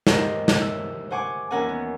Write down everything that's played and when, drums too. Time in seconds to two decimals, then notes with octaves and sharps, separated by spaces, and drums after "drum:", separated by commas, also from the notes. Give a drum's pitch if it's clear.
0.07 G4 A#4 C5 D#5 D#6, drum: snare
0.48 drum: snare
0.61 E5
1.10 C5 F#5 G#5 C#6 D6
1.51 D#2 E3 C#4 A#4 F#5 G#5
1.69 B3